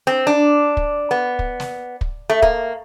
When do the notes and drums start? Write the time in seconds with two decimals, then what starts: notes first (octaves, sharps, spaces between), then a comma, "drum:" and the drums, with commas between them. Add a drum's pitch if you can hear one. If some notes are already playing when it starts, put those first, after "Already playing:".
0.07 C4
0.27 D4
0.77 drum: kick
1.11 B3
1.39 drum: kick
1.60 drum: snare
2.01 drum: kick
2.30 A3
2.42 A#3, drum: kick